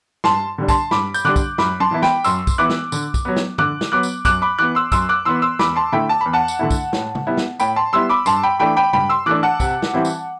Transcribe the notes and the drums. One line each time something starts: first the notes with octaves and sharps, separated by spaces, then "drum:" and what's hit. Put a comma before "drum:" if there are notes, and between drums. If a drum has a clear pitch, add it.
G2 A5 C6, drum: snare
D3 G3 D4
A5 C6, drum: kick, tambourine
G2 B5 D6, drum: snare
G6, drum: tambourine
D3 G3 D4 D6 F#6
drum: kick, tambourine
F#2 B5 D6, drum: snare
A5 C6, drum: tom
E3 B3 E4
G5 B5, drum: snare
F#2 C6 E6, drum: tambourine
drum: kick, tambourine
E3 B3 E4 D6 F#6
drum: snare
D3, drum: tambourine
drum: kick, tambourine
F#3 B3
drum: snare
D3 D6 F#6, drum: tom
drum: snare
F#3 B3 D6 F#6
drum: tambourine
F#2 D6 F#6, drum: kick, tambourine
B5 D6
E3 B3 D6 F#6
C6 E6
F#2 C6 E6, drum: kick, tambourine
D6 F#6
E3 B3 C6 E6
C6 E6
E2 B5 D6, drum: snare
A5 C6
D3 A3 E4 G5 B5
A5
E2 B5
F#5 A5
drum: tambourine
D3 A3 E4
drum: kick, tambourine
A2, drum: snare
drum: tom
G3 B3 E4
drum: snare
A2 G5 B5, drum: tambourine
A5 C6
G3 B3 E4 C6 E6
B5 D6
G2 A5 C6, drum: tambourine
G5 B5
E3 A3 D4 G5 B5
G5 B5
G2 G5 B5, drum: tom
C6 E6
E3 A3 D4 D6 F#6
F#5 A5
C3, drum: kick, tambourine
drum: snare
E3 G3 C4 E4
drum: tambourine